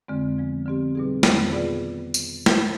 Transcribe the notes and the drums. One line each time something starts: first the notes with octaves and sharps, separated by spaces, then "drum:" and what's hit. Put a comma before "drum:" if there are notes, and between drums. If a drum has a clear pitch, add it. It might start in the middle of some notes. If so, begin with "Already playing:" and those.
F2 D3 G#3 C4
F3 G#3 B3
D3 F3 C4 G4
B2 G3 C4 D#4 G#4
F2 D#3 G3 B3 F4, drum: snare
B2 B3 F4 G#4 D5
drum: tambourine
drum: snare